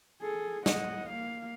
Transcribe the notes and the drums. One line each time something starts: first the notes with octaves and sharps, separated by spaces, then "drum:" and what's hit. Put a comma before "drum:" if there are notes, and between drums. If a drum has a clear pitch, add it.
G#4 A4
D#5 F#5, drum: snare
A#3 F5